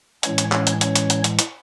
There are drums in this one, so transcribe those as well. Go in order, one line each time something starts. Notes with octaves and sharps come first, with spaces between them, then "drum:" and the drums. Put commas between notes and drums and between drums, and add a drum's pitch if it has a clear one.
A2 E3 G#3 C#4 C#5, drum: hi-hat
drum: hi-hat
C#4 C#5, drum: clap
drum: hi-hat
C#4 C#5, drum: hi-hat
drum: hi-hat
drum: hi-hat
drum: hi-hat
drum: hi-hat